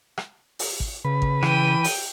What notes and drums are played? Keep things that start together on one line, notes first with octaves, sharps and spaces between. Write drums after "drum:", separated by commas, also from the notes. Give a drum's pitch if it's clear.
drum: rim click
drum: open hi-hat
drum: kick
C#3 B4
drum: kick
E3 G5 D#7, drum: rim click
drum: open hi-hat